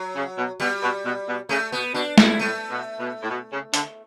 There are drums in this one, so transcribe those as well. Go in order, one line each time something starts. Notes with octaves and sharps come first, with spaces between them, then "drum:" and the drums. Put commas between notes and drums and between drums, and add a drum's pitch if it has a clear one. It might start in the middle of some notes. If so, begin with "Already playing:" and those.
Already playing: F#3
C#3
B2
B2 G3
B2
B2
B2
C#3 A3
B2 B3
B2 D4
B2 E4, drum: snare
A2 A3
B2
B2
A2
B2
C#3
D3, drum: hi-hat